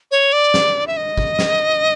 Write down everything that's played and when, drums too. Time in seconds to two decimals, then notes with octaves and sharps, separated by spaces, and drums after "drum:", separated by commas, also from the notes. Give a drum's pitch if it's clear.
0.11 C#5
0.33 D5
0.54 drum: snare
0.87 E5
0.97 D#5
1.18 drum: kick
1.39 drum: snare